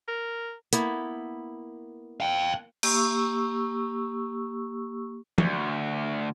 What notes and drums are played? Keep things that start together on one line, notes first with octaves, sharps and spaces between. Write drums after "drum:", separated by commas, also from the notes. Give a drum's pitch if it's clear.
A#4
A#3 B3 E4, drum: hi-hat
F5 G5
A#3 G4 C#6 E6, drum: cymbal
D2, drum: tom